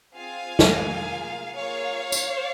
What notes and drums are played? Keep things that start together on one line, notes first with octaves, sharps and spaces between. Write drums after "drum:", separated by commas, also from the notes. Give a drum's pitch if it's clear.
C4 F4 G#4 F5 G#5
drum: snare
A#3 F4 G#4
A#3 F4 G#4 C#5 F5
drum: tambourine